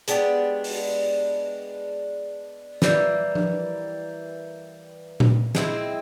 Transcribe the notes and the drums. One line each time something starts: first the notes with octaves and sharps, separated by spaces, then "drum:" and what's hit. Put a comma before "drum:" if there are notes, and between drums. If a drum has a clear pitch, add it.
G#3 B3 D4 G4, drum: hi-hat
drum: open hi-hat
E3 G3 A#3, drum: snare
drum: tom F3
drum: tom A#2
G#3 C4 E4, drum: snare